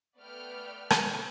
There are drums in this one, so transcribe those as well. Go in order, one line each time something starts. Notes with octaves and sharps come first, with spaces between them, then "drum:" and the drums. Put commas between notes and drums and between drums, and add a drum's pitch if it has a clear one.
A3 B3 B4 D5 G5 F6
drum: rim click